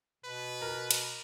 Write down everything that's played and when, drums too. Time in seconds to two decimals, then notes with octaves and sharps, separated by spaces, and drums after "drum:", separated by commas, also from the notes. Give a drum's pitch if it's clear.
0.25 B2 B4
0.62 A#4
0.91 drum: cymbal